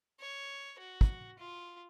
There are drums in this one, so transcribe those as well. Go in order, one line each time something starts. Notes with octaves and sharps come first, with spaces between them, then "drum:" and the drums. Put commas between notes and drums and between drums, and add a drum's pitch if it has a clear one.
C#5
F#4
drum: kick
F4